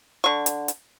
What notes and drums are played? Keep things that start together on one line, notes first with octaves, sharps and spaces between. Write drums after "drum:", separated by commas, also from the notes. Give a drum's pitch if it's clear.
D3 C#6
drum: hi-hat
drum: hi-hat